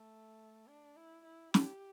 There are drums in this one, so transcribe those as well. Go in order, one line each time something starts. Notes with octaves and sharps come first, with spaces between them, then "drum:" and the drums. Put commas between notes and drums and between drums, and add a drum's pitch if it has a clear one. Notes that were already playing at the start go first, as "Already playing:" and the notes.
Already playing: A3
D4
E4
E4
G4, drum: snare